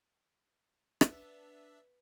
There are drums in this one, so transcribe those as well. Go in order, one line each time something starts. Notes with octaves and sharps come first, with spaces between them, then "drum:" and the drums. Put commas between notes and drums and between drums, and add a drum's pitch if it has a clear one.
B3 D4 E5, drum: rim click